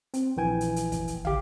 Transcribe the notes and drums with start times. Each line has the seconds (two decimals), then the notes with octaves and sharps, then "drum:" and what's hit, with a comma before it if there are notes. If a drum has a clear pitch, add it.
0.14 C4, drum: hi-hat
0.37 A#1 E3 G5 G#5
0.61 drum: hi-hat
0.76 drum: hi-hat
0.92 drum: kick, hi-hat
1.08 drum: hi-hat
1.25 G4 F5, drum: tom